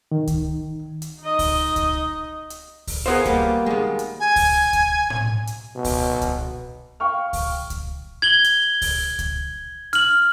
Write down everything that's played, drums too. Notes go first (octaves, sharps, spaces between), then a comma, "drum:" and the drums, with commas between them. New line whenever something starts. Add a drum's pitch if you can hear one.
D#3
drum: kick C#2, hi-hat
drum: hi-hat
D#4 D#5
drum: kick C#2, open hi-hat
drum: kick C#2, hi-hat
drum: hi-hat
drum: kick C#2, open hi-hat
B3 F4 G#4 A#4 C5
G3 A#3 G4, drum: kick C#2, hi-hat
D#3 G#3
drum: hi-hat
G#5
drum: kick C#2, open hi-hat
drum: kick C#2, hi-hat
drum: tom A2
drum: hi-hat
B2
drum: kick C#2, open hi-hat
drum: kick C#2, hi-hat
F5 G5 C#6 F6
drum: kick C#2, open hi-hat
drum: kick C#2, hi-hat
G#6 F#7 G7
drum: hi-hat
drum: kick C#2, open hi-hat
drum: kick C#2, hi-hat
F6 F#7, drum: hi-hat